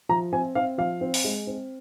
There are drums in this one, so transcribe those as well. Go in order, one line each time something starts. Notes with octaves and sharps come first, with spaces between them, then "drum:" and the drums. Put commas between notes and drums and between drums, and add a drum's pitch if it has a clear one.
F3 A#5
C4 G#5
C4 F5
F3 F5
C4
drum: open hi-hat
G#3
C4